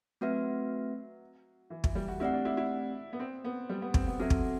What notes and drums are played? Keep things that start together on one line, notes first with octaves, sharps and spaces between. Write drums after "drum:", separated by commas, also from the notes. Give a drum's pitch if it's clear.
F#3 A3 C4 F#4 B4 E5
E3
E3, drum: kick
G3
F#4
A3 C4 E4 G4 D5 F#5
D4
E4
E4
B3
C4
B3
G3
B3
C4, drum: kick
B3
F#3 C4 F#4 A4 E5
drum: kick